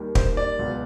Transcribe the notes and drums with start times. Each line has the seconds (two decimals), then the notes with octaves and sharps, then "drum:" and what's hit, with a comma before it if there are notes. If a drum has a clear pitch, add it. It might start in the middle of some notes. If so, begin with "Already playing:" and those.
Already playing: D#2 D#3 G3
0.15 C5, drum: kick
0.37 D5
0.59 C#2 B2 F#3